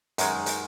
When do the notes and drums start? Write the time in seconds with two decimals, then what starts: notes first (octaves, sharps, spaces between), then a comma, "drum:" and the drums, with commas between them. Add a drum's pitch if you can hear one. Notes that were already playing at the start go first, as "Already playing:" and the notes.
0.18 F#2 D#3 G#3, drum: hi-hat
0.46 drum: hi-hat